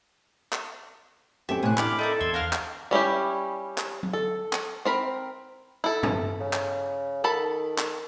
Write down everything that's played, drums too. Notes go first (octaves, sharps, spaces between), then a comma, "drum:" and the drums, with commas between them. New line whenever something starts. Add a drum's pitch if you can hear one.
drum: clap
F#2 C4 G4 A4 E5 G5
E2 A2 C3 G#5 F#6
C4 D4 E4 G4 B5 D6 F6, drum: clap
D#4 G4 A4 A#4
E2 C6 E6 G#6
A#4 F5 F#5 F6
drum: clap
G3 C#4 E4 G4
drum: clap
drum: tom F#3
A4
drum: clap
C4 A#4 B5
E4 A4
drum: tom G2
C#3
drum: clap
D#3 A4 A5 B5
drum: clap